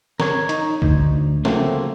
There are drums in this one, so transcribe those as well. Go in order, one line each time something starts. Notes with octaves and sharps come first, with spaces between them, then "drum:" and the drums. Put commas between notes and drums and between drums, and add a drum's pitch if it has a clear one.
A#4 C#5, drum: snare
D#4, drum: hi-hat
D2, drum: kick
C#3 F3 F#3 A3 A#3 C4, drum: snare